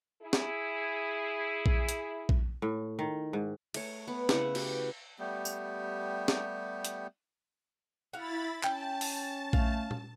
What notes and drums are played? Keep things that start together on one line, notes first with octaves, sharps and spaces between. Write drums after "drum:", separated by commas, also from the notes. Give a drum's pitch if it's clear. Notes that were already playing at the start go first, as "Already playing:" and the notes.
E4 G#4
drum: snare
drum: kick A#1
drum: hi-hat
drum: kick A#1
A2
D#3
G#2
A3 C#5, drum: cymbal
B3
C#3 E4 F#5 C#6, drum: snare
F#4 G4 B4, drum: cymbal
G3 A3 B3 G4
drum: tambourine
drum: snare
drum: hi-hat
E4 F#4 F5 B5 A6
C#4 G5 A5, drum: clap
drum: open hi-hat
A3 F5, drum: kick A#1
drum: tom A#2